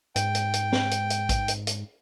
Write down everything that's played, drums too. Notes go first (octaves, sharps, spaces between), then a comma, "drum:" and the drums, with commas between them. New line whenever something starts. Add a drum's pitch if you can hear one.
G#2 G5, drum: hi-hat
drum: hi-hat
drum: hi-hat
drum: snare
drum: hi-hat
drum: hi-hat
drum: kick A1, hi-hat
drum: hi-hat
drum: hi-hat